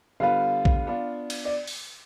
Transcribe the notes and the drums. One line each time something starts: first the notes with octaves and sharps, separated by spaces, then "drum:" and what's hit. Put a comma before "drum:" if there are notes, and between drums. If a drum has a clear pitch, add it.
D3 G3 B3 F4 B4 F5
drum: kick A#1
B3 D4 F4
drum: cymbal
D5
drum: open hi-hat